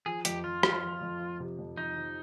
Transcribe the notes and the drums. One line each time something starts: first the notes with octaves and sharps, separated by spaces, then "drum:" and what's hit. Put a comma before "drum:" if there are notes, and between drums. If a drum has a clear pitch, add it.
F3 G#4
F2 G4, drum: hi-hat
F3 F4
F2, drum: rim click
F3
F2
F3
C3
F2
F3 D#4
F3